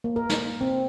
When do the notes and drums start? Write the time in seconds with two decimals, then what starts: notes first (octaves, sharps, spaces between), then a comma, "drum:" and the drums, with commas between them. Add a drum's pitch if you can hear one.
0.04 A#3
0.16 A#4
0.29 drum: snare
0.61 C4